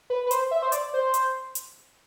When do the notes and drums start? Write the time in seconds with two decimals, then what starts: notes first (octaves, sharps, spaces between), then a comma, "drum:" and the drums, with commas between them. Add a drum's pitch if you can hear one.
0.10 B4
0.26 B4
0.31 C5, drum: hi-hat
0.51 E5
0.62 C5
0.72 D5, drum: hi-hat
0.94 C5
1.14 drum: hi-hat
1.55 drum: hi-hat